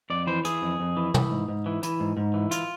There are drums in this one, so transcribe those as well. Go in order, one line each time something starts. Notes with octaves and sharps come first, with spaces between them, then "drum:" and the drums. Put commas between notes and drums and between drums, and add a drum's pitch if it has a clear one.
F2 D5
E3 C5
E3 G#4, drum: hi-hat
F2
F2
E3
E3, drum: tom
G#2
G#2
E3
E3, drum: hi-hat
G#2
G#2
E3
F4, drum: hi-hat